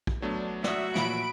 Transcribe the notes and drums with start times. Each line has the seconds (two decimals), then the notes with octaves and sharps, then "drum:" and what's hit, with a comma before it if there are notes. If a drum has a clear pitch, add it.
0.07 drum: kick
0.22 F#3 A3 B3 D4
0.64 F#4 D5 E5 D#6, drum: snare
0.95 A#2 E3 F3 B5 D7, drum: snare